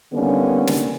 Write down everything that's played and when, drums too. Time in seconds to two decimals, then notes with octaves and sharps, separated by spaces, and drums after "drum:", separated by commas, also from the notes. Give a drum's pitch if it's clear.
0.13 D3 D#3 G3 A#3 B3 C#4
0.67 drum: snare